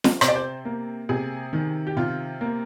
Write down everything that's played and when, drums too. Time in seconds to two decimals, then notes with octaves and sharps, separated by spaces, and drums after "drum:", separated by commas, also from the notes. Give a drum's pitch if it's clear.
0.04 drum: snare
0.21 C3 C5, drum: rim click
0.28 D5
0.36 C5
0.65 A#3
1.09 C3 G#4
1.53 D#3
1.87 G4
1.97 C3 F4
2.41 A#3